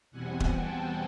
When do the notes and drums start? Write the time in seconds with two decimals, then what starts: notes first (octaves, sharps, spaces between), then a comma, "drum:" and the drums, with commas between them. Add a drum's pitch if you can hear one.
0.11 E2 B2 G3 C4 F#5 G#5
0.40 drum: kick D#1
0.54 G5 A5